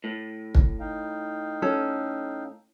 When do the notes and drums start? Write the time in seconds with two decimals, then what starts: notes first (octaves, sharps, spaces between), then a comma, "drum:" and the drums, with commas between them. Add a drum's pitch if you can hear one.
0.04 A2
0.55 drum: kick
0.80 D#4 F5 G5
1.62 C#4 A4